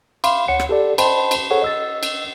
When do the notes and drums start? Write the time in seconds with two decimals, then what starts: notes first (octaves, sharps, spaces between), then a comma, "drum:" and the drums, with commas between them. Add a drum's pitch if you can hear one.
0.24 E5 F5 B5 C6 D6, drum: cymbal
0.48 D2 C#5 F#5 C#7
0.60 drum: rim click
0.69 G4 A4 D5
0.98 C5 D#5 G5 A5 B5 C6, drum: cymbal
1.31 drum: cymbal
1.51 G#4 A4 C5 C#5 F#5 C#6
1.62 D#5 E6 A6
2.03 drum: cymbal